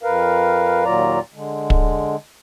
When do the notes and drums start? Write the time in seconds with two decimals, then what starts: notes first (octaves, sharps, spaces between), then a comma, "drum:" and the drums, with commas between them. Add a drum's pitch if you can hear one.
0.03 F2 A#4 B4 F5
0.85 D#2 A#2 F#3 F4 D5 A#5
1.34 D3 G#3
1.70 drum: kick